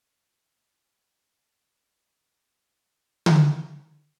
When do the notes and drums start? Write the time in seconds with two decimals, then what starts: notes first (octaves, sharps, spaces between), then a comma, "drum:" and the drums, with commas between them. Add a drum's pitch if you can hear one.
0.02 D#3 G5
1.88 D5 G#5 C6 E6 F#6
3.26 drum: tom D3